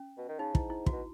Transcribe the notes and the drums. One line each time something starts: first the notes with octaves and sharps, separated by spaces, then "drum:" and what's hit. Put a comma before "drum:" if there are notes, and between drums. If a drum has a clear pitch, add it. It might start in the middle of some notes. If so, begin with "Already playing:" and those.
Already playing: C#4
B2
D#3
C#3 D#4
G#2 E4, drum: kick
E4
F#4, drum: kick
B2